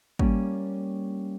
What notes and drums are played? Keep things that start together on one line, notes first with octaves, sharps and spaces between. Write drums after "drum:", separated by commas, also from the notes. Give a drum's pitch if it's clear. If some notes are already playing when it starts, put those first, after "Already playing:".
G3 A#3 C#4, drum: kick G#1